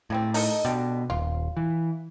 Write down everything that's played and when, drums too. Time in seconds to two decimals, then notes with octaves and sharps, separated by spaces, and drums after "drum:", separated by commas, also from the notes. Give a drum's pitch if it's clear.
0.10 A2 C#3 G3 C4
0.34 D#4 A4 D#5, drum: open hi-hat
0.65 B2 D3 G3
1.10 D#1 F4
1.57 E3